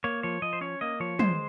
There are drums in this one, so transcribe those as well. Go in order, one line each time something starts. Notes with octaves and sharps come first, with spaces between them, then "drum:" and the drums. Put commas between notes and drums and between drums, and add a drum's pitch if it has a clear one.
A#3 C#5
F3 C#5
F3 D#5
C5
C#4 C#5
A#3 D#5
F3 C#5
G#3 C5, drum: tom